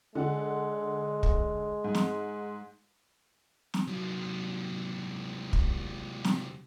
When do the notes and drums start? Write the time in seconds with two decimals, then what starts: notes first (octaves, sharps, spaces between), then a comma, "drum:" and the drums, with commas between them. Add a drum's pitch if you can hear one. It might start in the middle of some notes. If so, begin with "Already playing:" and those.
0.15 D3 G#3 F#5
1.23 drum: kick
1.84 G#2
1.95 drum: snare
3.74 drum: snare
3.88 C3 F#3
5.53 drum: kick
6.24 drum: snare